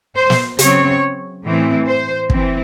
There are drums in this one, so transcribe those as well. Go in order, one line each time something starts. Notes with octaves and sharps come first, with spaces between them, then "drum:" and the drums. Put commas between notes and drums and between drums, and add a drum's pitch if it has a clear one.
C5
drum: snare
C#3 F#3 C4 C#5, drum: hi-hat
A2 E3 C4
C5
E3 C4, drum: kick